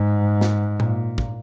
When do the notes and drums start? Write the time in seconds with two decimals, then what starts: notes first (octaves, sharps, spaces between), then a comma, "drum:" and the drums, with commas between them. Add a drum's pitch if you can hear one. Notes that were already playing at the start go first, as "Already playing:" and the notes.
Already playing: G#2
0.41 drum: snare
0.80 A#2, drum: tom A2
1.18 drum: kick